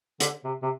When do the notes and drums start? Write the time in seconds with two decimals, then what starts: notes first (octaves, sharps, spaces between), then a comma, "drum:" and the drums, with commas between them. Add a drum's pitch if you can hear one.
0.20 D3, drum: hi-hat
0.44 C3
0.63 C3